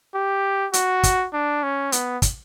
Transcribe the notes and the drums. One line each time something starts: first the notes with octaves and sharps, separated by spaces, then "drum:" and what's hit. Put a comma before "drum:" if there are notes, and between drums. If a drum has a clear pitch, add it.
G4
F#4, drum: hi-hat
drum: kick, hi-hat
D4
C#4
B3, drum: hi-hat
drum: kick, hi-hat